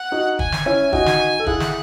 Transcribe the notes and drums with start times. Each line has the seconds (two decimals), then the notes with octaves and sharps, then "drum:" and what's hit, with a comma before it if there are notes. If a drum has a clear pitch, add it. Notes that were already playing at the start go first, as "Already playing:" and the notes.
Already playing: F#5
0.12 D#4 F#4
0.39 G#5, drum: kick
0.52 drum: snare
0.66 C#4 E4
0.93 D#4 F#4 G#5, drum: kick
1.06 drum: snare
1.40 A4
1.46 E4 G#4 F#5, drum: kick
1.60 drum: snare